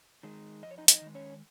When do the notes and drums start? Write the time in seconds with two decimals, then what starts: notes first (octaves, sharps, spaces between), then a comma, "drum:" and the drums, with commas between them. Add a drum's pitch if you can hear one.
0.23 D#3 G#3
0.63 F2 D#5
0.71 C#5
0.78 D#4 D#5
0.88 D#4 D#5, drum: hi-hat
1.02 D#3 G#3
1.15 C#4 C#5